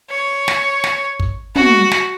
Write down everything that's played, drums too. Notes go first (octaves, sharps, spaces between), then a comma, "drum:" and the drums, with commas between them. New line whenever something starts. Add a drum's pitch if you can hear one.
C#5
drum: snare
drum: snare
drum: kick
F#4, drum: tom
drum: snare